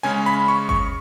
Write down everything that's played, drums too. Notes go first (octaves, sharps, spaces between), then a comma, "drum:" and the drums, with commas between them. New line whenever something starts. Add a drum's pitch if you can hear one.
C#3 G#3 C#4 G#5
B5
C#6
C#6, drum: kick G1